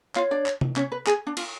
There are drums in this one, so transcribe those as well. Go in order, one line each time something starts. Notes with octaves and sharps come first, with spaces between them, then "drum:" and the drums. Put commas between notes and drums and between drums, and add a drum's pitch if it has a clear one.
F4 C#5 F5, drum: clap
D4 D5
drum: clap
drum: tom C3
C#4 C#5, drum: clap
B4
G#4, drum: clap
D4
F4, drum: cymbal